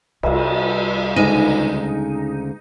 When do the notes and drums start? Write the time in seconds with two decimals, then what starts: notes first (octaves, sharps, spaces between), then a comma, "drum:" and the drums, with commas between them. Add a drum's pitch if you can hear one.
0.23 C2 G3, drum: cymbal
1.16 D2 C#3 G#3 D#4